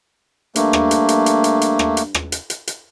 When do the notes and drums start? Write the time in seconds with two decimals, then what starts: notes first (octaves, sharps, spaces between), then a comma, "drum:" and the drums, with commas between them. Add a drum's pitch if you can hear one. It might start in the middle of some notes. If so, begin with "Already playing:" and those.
0.56 G2 A3 A#3, drum: hi-hat
0.73 drum: rim click
0.91 drum: hi-hat
1.09 drum: hi-hat
1.26 drum: hi-hat
1.44 drum: hi-hat
1.62 drum: hi-hat
1.79 drum: rim click
1.97 drum: hi-hat
2.14 drum: rim click
2.32 drum: hi-hat
2.50 drum: hi-hat
2.67 drum: hi-hat